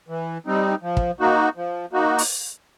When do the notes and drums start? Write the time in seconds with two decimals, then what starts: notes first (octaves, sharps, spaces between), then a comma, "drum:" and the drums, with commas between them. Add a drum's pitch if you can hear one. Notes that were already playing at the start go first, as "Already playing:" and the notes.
0.09 E3
0.46 G3 C4 D#4
0.82 F3
0.97 drum: kick
1.20 A#3 D#4 F#4
1.56 F3
1.92 A#3 D#4 F#4
2.18 drum: open hi-hat